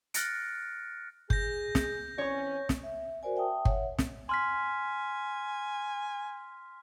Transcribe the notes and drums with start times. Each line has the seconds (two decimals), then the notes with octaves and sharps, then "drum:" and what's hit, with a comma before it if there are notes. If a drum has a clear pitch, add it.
0.14 F6 F#6 A6 A#6 C#7 D7, drum: hi-hat
1.30 G#4 G6 A#6, drum: kick G1
1.75 drum: snare
2.18 E3 C4 C#4 C#5 C#6
2.69 drum: snare
2.83 E5
3.23 F#4 A#4 C5 D5 G#5
3.36 E5 G5 A5 D#6
3.65 C#5 E5 F#5, drum: kick G1
3.99 drum: snare
4.29 G#5 C6 F6 B6